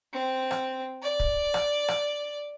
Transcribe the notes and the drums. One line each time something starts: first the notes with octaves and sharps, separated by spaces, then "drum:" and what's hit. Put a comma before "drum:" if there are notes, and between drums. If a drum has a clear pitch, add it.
C4
drum: rim click
D5
drum: kick
drum: rim click
drum: rim click